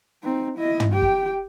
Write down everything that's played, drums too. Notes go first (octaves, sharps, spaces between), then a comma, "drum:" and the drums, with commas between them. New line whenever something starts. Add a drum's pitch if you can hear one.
C4 D#4
E4 D#5
drum: tom
G4 G5
drum: kick